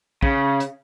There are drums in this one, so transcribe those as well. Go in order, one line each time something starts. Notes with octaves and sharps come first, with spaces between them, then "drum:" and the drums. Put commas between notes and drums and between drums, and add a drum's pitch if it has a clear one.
C#3, drum: kick
drum: hi-hat